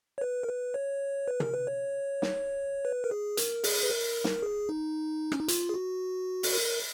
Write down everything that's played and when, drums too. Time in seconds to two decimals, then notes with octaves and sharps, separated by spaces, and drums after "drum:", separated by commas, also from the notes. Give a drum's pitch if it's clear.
0.18 C#5
0.21 B4
0.43 A#4
0.48 B4
0.74 C#5
1.28 B4
1.40 A#4, drum: tom
1.54 B4
1.67 C#5
2.22 drum: snare
2.85 B4
3.04 A#4
3.11 G#4
3.37 A#4, drum: hi-hat
3.64 G#4, drum: open hi-hat
3.83 B4
3.90 A#4
4.24 drum: snare
4.43 G#4
4.69 D#4
5.32 C#4, drum: rim click
5.40 D#4
5.48 F4, drum: hi-hat
5.69 G#4
5.74 F#4
6.43 drum: open hi-hat
6.53 A#4